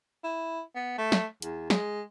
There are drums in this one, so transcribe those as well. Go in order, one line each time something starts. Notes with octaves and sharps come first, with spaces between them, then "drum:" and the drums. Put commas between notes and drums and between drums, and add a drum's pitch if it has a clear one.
E4
B3
A3
drum: snare
E2, drum: hi-hat
G#3, drum: snare